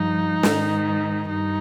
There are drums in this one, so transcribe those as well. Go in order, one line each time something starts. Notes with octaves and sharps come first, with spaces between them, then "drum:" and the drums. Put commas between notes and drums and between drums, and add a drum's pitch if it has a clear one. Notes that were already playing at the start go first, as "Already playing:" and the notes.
Already playing: G2 F3 D#4
G#2 D#3, drum: snare
G2 D#4